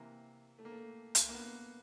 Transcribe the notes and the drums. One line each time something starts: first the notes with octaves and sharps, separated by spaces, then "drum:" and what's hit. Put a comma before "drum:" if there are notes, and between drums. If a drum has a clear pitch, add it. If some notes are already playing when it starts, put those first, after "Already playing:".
Already playing: C3 E3 A#3
A3
A#3
A3
drum: hi-hat
A#3
B3